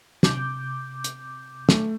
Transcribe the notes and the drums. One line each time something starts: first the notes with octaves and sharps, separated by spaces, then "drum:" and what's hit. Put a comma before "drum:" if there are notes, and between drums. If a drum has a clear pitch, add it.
C3 D6 G6, drum: snare
drum: hi-hat
A3, drum: snare